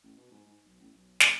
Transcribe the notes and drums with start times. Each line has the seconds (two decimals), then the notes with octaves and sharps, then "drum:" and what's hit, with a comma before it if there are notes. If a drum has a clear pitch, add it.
0.03 A1
0.17 B2
0.31 G#2
0.46 G#2
0.65 B1
0.80 A1
0.93 B1
1.20 F#1, drum: snare